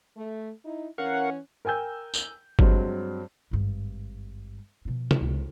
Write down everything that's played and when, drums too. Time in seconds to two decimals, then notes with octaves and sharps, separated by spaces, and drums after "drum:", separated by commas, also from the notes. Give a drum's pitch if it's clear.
0.17 A3
0.65 D#4 E4
0.98 E3 C#4 A#4 F5 F#5 C#6
1.65 A#4 G5 G#5 E6 G6
2.14 drum: tambourine
2.59 G2 F#3 G#3 C4, drum: kick G1
3.51 G#1 G2
4.85 B2 F3
5.11 drum: tom C3
5.21 C#2